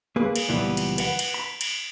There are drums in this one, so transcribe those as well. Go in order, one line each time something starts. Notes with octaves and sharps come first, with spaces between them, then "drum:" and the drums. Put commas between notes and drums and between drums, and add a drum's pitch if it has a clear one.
A#3 G#4 B4
drum: cymbal
C#2 A#2 E3 F3 G3 B3
drum: cymbal
B4 F#5, drum: cymbal
drum: cymbal
B5
drum: cymbal